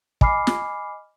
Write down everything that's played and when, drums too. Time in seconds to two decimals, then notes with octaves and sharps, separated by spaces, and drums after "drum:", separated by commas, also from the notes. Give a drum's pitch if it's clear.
0.21 D#5 G#5 B5 D6 F6 C7, drum: kick
0.47 drum: snare